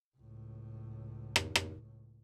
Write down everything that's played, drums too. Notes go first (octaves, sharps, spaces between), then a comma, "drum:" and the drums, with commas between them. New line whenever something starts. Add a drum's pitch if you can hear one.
C#2 A2
drum: rim click
drum: rim click